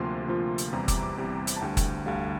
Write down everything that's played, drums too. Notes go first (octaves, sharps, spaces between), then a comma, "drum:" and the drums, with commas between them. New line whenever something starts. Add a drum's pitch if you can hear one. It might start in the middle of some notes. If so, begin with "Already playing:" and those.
Already playing: D2 C3 F3 A#3 F4 C6
D2 C3 F3 A#3 F4
drum: hi-hat
E2 C3 G3 A#5
D6, drum: kick, hi-hat
D6
E2 C3 G3
drum: hi-hat
A5
D2 D3 G3 G5
drum: kick, hi-hat
D2 D3 G3 F5